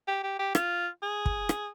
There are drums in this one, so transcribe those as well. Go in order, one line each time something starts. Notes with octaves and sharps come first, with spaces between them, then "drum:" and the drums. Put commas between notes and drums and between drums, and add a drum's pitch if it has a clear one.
G4
G4
G4
F4, drum: rim click
G#4
drum: kick
drum: rim click